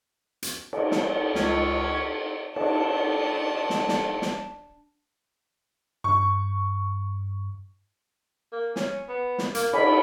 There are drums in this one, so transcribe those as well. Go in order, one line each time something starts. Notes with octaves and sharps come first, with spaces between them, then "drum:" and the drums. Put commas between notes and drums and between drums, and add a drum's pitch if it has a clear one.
drum: hi-hat
drum: cymbal
drum: snare
C#2 C#4, drum: snare
D4 A5, drum: cymbal
drum: snare
drum: snare
drum: snare
G2 C#6
A#3
C#4, drum: snare
B3
drum: snare
A#3, drum: hi-hat
C#4 B5, drum: cymbal